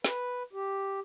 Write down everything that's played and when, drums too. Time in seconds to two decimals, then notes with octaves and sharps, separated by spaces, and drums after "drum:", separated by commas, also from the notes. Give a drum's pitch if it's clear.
0.05 B4, drum: snare
0.53 G4